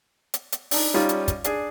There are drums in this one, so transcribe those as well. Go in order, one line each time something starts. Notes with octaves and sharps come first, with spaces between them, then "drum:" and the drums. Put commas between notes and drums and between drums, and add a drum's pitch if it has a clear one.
drum: hi-hat
drum: hi-hat
D4 D#4, drum: open hi-hat
G3 C#4 D#4 F4
drum: hi-hat
drum: kick, hi-hat
D4 G#4, drum: hi-hat